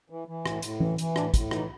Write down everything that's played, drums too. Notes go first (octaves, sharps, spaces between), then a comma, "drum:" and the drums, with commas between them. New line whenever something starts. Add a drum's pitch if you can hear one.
E3
E3
A2, drum: rim click
A2, drum: hi-hat
E3, drum: tom E3
E3, drum: hi-hat
A2 D4, drum: rim click
A2, drum: kick, hi-hat
E3 D#4, drum: rim click